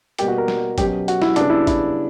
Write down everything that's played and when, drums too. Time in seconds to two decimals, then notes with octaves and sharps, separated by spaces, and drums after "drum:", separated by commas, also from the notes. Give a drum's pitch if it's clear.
0.18 B2 G3 A#3 G4, drum: hi-hat
0.28 F#4
0.38 A#4
0.48 drum: snare
0.78 B2 F#3 C#4 G4, drum: kick, hi-hat
1.08 F#4, drum: hi-hat
1.22 E4, drum: snare
1.36 C#3 G3 B3 D4, drum: hi-hat
1.50 E4
1.67 E4, drum: kick, hi-hat